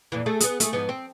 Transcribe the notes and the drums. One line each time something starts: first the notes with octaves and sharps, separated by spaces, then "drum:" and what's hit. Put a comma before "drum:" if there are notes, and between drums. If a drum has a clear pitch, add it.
F2 A#2 E3
A3 G#4 A4
B3 G#4, drum: hi-hat
A3 G#4, drum: hi-hat
G#2 F3 B3
C4